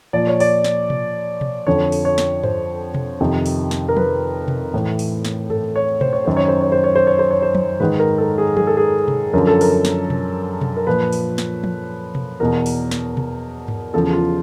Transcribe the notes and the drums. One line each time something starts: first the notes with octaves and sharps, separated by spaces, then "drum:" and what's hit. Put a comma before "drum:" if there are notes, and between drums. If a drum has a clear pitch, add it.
A#2 F3 D5
C#5
D5, drum: open hi-hat
drum: snare
drum: tom B2
drum: tom B2
F2 D3 F3 C#5
drum: open hi-hat
C#5
drum: snare
C5, drum: tom G2
drum: tom B2
F2 C3 D#3
drum: open hi-hat
drum: snare
A#4
B4, drum: tom F3
drum: tom B2
A2 E3
drum: open hi-hat
drum: snare
A4, drum: tom G2
C#5
C5, drum: tom B2
C#5
F#2 D#3 C5
C#5
C5
C#5
C5
C#5
C5
C#5
C5
C#5
C5
drum: tom F3
G#2 D#3 B4
A#4
A4
G#4
G#4, drum: tom F3
A4
G#4
drum: tom B2
F#2 D3 F3 A#4
A4
A#4, drum: open hi-hat
drum: snare
drum: tom B2
drum: tom B2
A#4
A#2 F3 B4
drum: open hi-hat
drum: snare
drum: tom F3
drum: tom B2
E2 B2 A#4
drum: open hi-hat
drum: snare
drum: tom B2
drum: tom G2
E2 C#3 F3 A4
F4